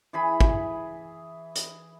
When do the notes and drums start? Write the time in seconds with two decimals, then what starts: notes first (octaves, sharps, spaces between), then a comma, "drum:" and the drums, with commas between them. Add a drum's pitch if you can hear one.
0.13 E3 G#4 B5
0.40 drum: kick
1.56 drum: hi-hat